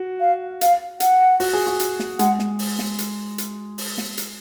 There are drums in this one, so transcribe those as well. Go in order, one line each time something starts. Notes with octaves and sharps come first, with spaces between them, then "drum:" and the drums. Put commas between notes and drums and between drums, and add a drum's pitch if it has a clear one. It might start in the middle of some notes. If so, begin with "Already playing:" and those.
Already playing: F#4
F5
F5, drum: hi-hat
F#5, drum: hi-hat
F#4, drum: open hi-hat
G#4
F#4
drum: hi-hat
drum: snare
G#3 F#5, drum: hi-hat
drum: snare
drum: open hi-hat
drum: snare
drum: hi-hat
drum: hi-hat
drum: open hi-hat
drum: snare
drum: hi-hat